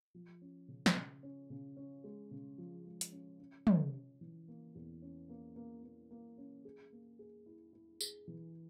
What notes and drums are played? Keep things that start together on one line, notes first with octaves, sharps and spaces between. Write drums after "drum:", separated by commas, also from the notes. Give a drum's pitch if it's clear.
F3
C#4
C#3
drum: snare
C#3
C#4
C#3
C#4
G#3
C#3
F3
G#3
drum: hi-hat
C#4
C#4
C#4, drum: tom
C#4
E3
A#3
E2
C#4
A#3
A#3
A#3
A#3
C#4
G#4
A#3
G#4
E4
E4
G#4, drum: tambourine
E3